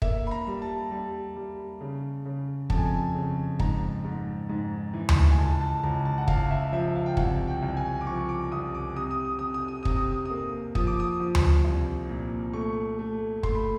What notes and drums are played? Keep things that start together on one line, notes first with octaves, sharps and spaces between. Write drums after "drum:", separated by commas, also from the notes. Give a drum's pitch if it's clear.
A#3 E5, drum: kick
B5
A#5
G3
A5
G3
G3
C#3
C#3
F2 A5, drum: kick
G#5
A5
C#3
G#2 A#5, drum: kick
G#2
G#2
E3
drum: tom D2
G#5
C#2 A5
A5
C#2 A#5
A5
F#5
C#2 F5, drum: kick
E5
F3 E5
F5
G5
C2 F#5, drum: kick
G5
C2
G#5
D6
F3 C#6
D6
C2 D#6
D6
C3 D#6
D#6
D#6
C3 D#6
D#6
D#6
D#6
C3, drum: kick
D#6
D#6
A#3 D#6
F3 D#6, drum: kick
D6
D#6
F3
drum: tom D2
C2
A#2
A3 C#6
A3
A3 C6, drum: kick
B5